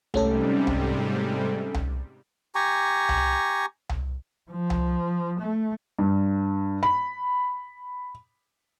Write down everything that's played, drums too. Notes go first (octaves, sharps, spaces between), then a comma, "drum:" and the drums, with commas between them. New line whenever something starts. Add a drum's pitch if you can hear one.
G#2 C3 G3 A3 C#4 A4, drum: tom C2
drum: tom C2
drum: tom C2
G4 G#5 A#5 C#6
drum: tom C2
drum: tom C2
F3
drum: tom C2
A3
G2
B5